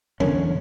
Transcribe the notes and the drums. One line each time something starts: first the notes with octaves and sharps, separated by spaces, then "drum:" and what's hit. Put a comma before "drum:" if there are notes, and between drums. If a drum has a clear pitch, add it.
E2 D3 C#4, drum: tom